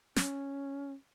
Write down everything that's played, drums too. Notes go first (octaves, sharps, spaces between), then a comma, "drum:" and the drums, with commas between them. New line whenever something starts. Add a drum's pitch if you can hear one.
C#4, drum: snare